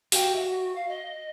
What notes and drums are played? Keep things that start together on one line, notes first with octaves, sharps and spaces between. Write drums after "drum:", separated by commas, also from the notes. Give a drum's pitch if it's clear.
F#4 G4 F5 G5, drum: open hi-hat
E5 F#5
F5
D#5